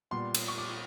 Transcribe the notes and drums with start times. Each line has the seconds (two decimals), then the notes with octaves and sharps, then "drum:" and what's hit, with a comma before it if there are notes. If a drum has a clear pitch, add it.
0.11 A#2 G3 B3 C6
0.34 drum: cymbal
0.48 C#6
0.58 D6